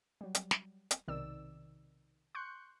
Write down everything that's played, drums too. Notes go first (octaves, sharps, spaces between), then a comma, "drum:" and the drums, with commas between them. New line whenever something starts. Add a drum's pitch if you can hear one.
F#3 G3
drum: hi-hat
drum: snare
drum: hi-hat
B1 C3 D#3 D5 E6
C6 C#6 F#6 G6 C#7